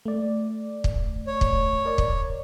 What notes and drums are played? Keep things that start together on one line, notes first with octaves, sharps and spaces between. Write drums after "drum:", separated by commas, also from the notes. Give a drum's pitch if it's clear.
A3 D5
drum: kick
C#5
drum: kick
A#4 D5
drum: kick